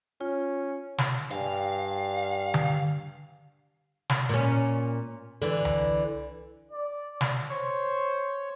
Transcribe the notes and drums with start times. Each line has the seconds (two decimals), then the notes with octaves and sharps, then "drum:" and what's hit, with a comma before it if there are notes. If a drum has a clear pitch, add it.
0.21 C#4 F4
0.98 drum: snare
1.31 G2 D5 F5 G5 G#5
2.54 drum: tom D3
4.09 drum: snare
4.29 A#2 C#4
5.42 D3 E3
5.65 drum: tom C2
6.71 D5
7.21 drum: snare
7.49 C5 C#5